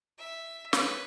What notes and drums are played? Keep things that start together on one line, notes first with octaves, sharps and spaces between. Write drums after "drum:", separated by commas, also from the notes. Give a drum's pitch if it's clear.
E5
B4 C#5, drum: snare